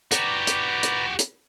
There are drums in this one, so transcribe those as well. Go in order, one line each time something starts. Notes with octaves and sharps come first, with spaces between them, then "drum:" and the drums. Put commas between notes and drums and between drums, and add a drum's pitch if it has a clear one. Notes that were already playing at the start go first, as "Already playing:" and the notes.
F#4 G4 B4 D5 A#5, drum: hi-hat
drum: hi-hat
drum: hi-hat
drum: hi-hat